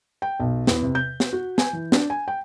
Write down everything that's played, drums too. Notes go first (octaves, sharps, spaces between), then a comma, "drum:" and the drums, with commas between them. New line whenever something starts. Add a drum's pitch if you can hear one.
G5
B1
E2, drum: snare
C3
G6
drum: snare
F#4
G#5, drum: snare
E3
D4, drum: snare
G#5
G5